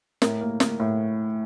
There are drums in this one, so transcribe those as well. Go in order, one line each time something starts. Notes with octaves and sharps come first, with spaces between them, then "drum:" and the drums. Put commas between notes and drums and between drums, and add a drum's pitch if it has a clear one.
A2 A#4, drum: snare
A#3
A#3, drum: snare
A2